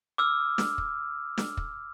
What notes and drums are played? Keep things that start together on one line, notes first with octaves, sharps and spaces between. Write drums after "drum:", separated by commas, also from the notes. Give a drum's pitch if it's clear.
D6 E6 F6
drum: snare
drum: kick
drum: snare
drum: kick